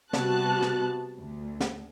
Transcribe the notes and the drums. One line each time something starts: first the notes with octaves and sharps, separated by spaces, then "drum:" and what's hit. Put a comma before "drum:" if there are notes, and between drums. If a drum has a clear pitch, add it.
C3 G3 B3 F#4 A5 F#6, drum: snare
drum: snare
D2
drum: snare